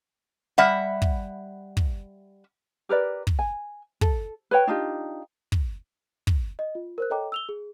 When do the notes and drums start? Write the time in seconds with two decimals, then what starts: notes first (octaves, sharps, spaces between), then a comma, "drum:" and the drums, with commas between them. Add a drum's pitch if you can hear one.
0.58 G3 E5 F#5
1.02 drum: kick
1.77 drum: kick
2.89 G4 A#4 B4 D5
3.27 drum: kick
3.39 G#5
4.01 A4, drum: kick
4.51 B4 C#5 G5
4.67 D4 D#4 F4 G4
5.52 drum: kick
6.27 drum: kick
6.59 D#5
6.75 F4
6.98 A#4 C5 F#6
7.10 A4 C#5 D#5 G5 A#5 D6
7.32 E6 F7 G7
7.49 G#4